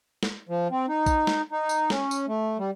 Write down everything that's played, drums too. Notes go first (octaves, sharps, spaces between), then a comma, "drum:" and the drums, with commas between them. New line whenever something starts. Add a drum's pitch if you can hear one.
drum: snare
F3
C4
D#4
drum: kick, tambourine
drum: snare
D#4
drum: tambourine
C#4, drum: snare
drum: tambourine
A3
G3